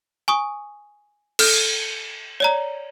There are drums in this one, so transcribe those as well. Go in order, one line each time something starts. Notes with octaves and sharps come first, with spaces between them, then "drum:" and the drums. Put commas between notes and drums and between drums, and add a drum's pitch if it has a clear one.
G#5 C#6 D#6
A4 F6 G6, drum: cymbal
C#5 D5 A#5